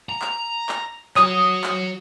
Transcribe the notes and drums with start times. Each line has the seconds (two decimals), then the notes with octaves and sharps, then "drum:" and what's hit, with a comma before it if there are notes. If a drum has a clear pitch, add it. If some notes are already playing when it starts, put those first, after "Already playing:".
0.09 A#5
0.22 drum: clap
0.69 drum: clap
1.16 F#4 C#5 D#6, drum: clap
1.64 drum: clap